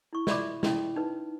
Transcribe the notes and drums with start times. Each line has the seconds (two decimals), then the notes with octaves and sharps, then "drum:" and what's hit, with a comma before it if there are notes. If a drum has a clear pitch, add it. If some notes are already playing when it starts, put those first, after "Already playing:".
0.13 E4 C#6
0.27 F4 D5 E5 B5 D6, drum: snare
0.63 C#4 E4, drum: snare
0.96 D#4 B4